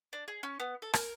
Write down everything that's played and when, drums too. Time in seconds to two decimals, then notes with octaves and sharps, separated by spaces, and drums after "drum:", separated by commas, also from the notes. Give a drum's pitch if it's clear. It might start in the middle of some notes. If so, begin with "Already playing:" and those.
0.13 D4
0.28 G#4
0.43 C#4
0.60 B3
0.82 A4
0.94 A#4, drum: rim click